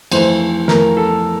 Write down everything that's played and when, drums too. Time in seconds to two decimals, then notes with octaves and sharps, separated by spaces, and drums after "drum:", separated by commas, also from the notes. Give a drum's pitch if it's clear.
0.12 F2 E3 A3 C5, drum: cymbal
0.68 F2 E3 A3 A#4, drum: snare
0.97 A4